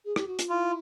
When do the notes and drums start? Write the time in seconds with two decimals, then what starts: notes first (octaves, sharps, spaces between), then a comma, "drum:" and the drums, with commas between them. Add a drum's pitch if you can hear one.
0.04 G#4
0.16 G4, drum: rim click
0.27 F#4
0.39 F4, drum: hi-hat
0.50 E4 F4